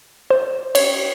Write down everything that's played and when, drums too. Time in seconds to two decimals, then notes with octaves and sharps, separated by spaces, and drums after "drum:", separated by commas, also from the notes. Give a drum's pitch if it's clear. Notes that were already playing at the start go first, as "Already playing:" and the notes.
0.30 C5
0.75 C#5, drum: cymbal